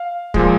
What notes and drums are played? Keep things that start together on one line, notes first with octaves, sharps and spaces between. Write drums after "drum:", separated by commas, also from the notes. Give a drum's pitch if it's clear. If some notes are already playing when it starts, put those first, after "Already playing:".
Already playing: F5
A#2 F3 G#3, drum: kick